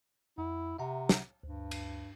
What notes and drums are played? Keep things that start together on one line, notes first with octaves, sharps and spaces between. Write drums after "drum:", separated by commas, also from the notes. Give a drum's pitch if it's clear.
F2 E4 F#5
C3 E5 F#5 A#5
drum: snare
D2 G2
drum: cymbal